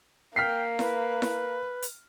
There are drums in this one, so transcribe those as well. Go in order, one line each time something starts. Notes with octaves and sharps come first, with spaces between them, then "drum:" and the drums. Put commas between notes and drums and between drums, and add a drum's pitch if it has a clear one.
A#3 G5 F6 B6 C7
B4, drum: snare E4
drum: snare E4
drum: hi-hat